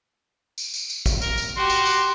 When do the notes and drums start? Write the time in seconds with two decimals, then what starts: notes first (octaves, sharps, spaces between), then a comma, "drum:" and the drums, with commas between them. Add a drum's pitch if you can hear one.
0.58 drum: tambourine
0.74 drum: tambourine
0.90 drum: tambourine
1.06 drum: kick, tambourine
1.22 A#4, drum: tambourine
1.38 drum: tambourine
1.57 F#4 G4 C6
1.70 drum: tambourine
1.86 drum: tambourine